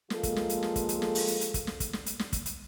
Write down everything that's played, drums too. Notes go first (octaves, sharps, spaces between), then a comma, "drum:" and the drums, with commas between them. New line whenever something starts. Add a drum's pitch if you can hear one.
F3 G#3 A#3 F4 A4, drum: snare
drum: kick, hi-hat
drum: snare
drum: hi-hat
drum: snare
drum: kick, hi-hat
drum: hi-hat
drum: snare
drum: open hi-hat
drum: hi-hat
drum: hi-hat
drum: kick, hi-hat
drum: snare
drum: kick, hi-hat
drum: snare
drum: hi-hat
drum: snare
drum: kick, hi-hat
drum: hi-hat